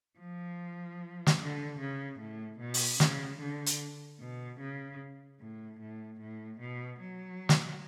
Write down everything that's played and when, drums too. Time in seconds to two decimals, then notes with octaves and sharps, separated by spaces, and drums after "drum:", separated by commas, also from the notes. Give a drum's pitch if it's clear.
0.19 F3
1.27 drum: snare
1.40 D3
1.80 C#3
2.20 A2
2.60 B2
2.74 drum: open hi-hat
3.00 C#3, drum: snare
3.40 D3
3.66 drum: hi-hat
4.20 B2
4.60 C#3
5.40 A2
5.80 A2
6.20 A2
6.60 B2
7.00 F#3
7.49 drum: snare